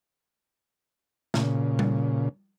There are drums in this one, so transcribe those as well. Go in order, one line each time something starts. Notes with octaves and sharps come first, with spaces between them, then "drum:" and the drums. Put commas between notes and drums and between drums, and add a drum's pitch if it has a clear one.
A#2 C#3, drum: snare
drum: tom G3